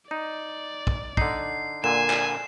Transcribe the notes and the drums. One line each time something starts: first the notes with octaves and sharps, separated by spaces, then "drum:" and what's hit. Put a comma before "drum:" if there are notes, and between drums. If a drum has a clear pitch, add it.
D#4 D5
drum: kick
D3 D#4 C7, drum: kick
A#2 D3 G#5 E7
drum: clap